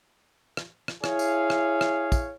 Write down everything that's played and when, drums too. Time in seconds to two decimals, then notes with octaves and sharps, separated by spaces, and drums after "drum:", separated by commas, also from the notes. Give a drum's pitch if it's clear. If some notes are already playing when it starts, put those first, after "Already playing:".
0.57 drum: rim click
0.88 drum: rim click
1.04 E4 G#4 C#5 F5, drum: rim click
1.19 drum: tambourine
1.50 drum: rim click
1.81 drum: rim click
2.12 drum: kick, tambourine